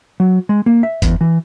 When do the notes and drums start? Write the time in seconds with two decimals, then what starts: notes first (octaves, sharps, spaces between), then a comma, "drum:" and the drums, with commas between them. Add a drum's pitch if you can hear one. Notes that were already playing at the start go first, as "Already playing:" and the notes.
0.20 F#3
0.49 G#3
0.66 A#3
0.83 E5
1.02 E2, drum: kick F#1, hi-hat
1.21 E3